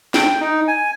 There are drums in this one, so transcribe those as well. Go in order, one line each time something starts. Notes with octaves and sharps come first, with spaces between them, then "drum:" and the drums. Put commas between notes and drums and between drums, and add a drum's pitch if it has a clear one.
G5, drum: snare
D#4
G#5